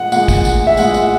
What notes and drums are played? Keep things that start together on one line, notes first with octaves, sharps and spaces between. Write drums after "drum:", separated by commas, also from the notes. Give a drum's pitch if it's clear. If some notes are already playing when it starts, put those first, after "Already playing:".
Already playing: A#2 G#3 F#5
A#2 G#3 F#5, drum: tambourine
drum: kick, tambourine
drum: tambourine
E5
A#2 G#3 F#5, drum: tambourine
drum: tambourine